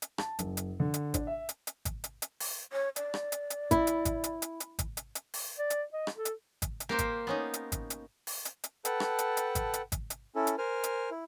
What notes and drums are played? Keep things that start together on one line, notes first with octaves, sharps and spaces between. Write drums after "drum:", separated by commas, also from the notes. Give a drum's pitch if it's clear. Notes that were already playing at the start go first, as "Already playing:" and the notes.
drum: hi-hat
A5, drum: rim click
F#1, drum: hi-hat
drum: hi-hat
D3
drum: hi-hat
D4, drum: kick G#1, hi-hat
E5
drum: hi-hat
drum: hi-hat
drum: kick G#1, hi-hat
drum: hi-hat
drum: hi-hat
drum: open hi-hat
C#5
D5, drum: hi-hat
drum: rim click
drum: hi-hat
drum: hi-hat
E4, drum: kick G#1, hi-hat
drum: hi-hat
drum: kick G#1, hi-hat
drum: hi-hat
drum: hi-hat
drum: hi-hat
drum: kick G#1, hi-hat
drum: hi-hat
drum: hi-hat
drum: open hi-hat
D5
drum: hi-hat
D#5
drum: rim click
A4
drum: hi-hat
drum: kick G#1, hi-hat
drum: hi-hat
A#3 G4 A#4 C5
drum: kick G#1, hi-hat
B3 C#4 D#4
drum: hi-hat
drum: kick G#1, hi-hat
drum: hi-hat
drum: open hi-hat
drum: hi-hat
drum: hi-hat
A4 B4 F#5 G5 A5, drum: hi-hat
drum: rim click
drum: hi-hat
drum: hi-hat
drum: kick G#1, hi-hat
drum: hi-hat
drum: kick G#1, hi-hat
drum: hi-hat
C#4 E4 A4
drum: hi-hat
A#4 C5 G#5 F6
drum: hi-hat
E4